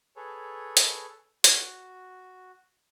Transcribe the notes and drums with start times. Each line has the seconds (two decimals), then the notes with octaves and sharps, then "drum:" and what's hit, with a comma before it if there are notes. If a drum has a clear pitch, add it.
0.16 G#4 A4 B4 C#5
0.77 drum: hi-hat
1.44 F#4, drum: hi-hat